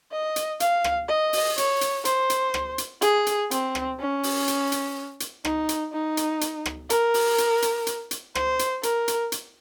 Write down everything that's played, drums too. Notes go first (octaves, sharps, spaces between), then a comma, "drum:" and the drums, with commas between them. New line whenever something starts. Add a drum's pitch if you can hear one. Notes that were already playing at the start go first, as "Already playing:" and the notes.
D#5
drum: hi-hat
F5, drum: hi-hat
drum: rim click
D#5
drum: open hi-hat
C#5, drum: hi-hat
drum: hi-hat
C5, drum: hi-hat
drum: hi-hat
drum: rim click
drum: hi-hat
G#4, drum: hi-hat
drum: hi-hat
C4, drum: hi-hat
drum: rim click
C#4
drum: open hi-hat
drum: hi-hat
drum: hi-hat
drum: hi-hat
D#4, drum: rim click
drum: hi-hat
D#4
drum: hi-hat
drum: hi-hat
drum: rim click
A#4, drum: hi-hat
drum: open hi-hat
drum: hi-hat
drum: hi-hat
drum: hi-hat
drum: hi-hat
C5, drum: rim click
drum: hi-hat
A#4, drum: hi-hat
drum: hi-hat
drum: hi-hat